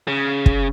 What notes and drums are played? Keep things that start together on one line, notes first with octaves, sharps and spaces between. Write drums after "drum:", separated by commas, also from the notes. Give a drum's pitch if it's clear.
C#3
drum: kick